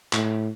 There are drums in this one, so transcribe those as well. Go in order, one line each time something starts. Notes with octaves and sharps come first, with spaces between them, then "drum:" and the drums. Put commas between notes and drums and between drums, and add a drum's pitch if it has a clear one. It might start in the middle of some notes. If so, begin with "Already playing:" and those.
A2, drum: clap